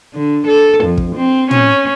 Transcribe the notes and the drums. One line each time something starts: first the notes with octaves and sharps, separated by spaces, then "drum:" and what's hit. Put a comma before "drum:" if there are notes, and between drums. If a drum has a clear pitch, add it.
D3
A4
F2
drum: kick
C4
C#4, drum: tom